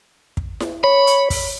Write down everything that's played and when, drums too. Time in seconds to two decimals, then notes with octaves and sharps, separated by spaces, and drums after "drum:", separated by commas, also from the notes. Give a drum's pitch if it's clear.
0.37 drum: kick
0.60 drum: snare E4
0.84 C#5 B5
1.07 drum: hi-hat
1.30 drum: kick, open hi-hat